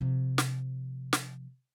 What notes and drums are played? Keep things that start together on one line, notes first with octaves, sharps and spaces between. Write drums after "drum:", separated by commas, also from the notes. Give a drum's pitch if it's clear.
C3 F3
drum: snare
drum: snare